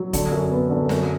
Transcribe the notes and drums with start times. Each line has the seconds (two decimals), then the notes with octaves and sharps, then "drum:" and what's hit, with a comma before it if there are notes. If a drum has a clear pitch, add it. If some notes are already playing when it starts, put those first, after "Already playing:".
Already playing: F#3
0.13 D3, drum: kick, hi-hat
0.31 F#2
0.51 B3
0.70 D3
0.89 F#2, drum: snare